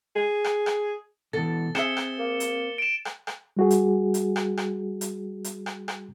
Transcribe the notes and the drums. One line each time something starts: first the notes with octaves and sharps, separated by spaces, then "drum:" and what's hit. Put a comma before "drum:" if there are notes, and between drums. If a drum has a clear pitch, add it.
G#4
drum: rim click
drum: rim click
B2 D#3 E3 A4 A6
C4 G#4 E5 C#7 E7 G7, drum: rim click
drum: rim click
A#3
drum: hi-hat
D7 E7
drum: rim click
drum: rim click
G3 F#4 G#4
drum: hi-hat
drum: hi-hat
drum: rim click
drum: rim click
drum: hi-hat
drum: hi-hat
drum: rim click
drum: rim click